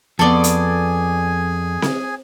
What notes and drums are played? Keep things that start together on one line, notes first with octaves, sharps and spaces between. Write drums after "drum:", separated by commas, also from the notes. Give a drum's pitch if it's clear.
F2 B3 G#4 A4 D5 G#5 C6 C#6
drum: hi-hat
drum: snare C4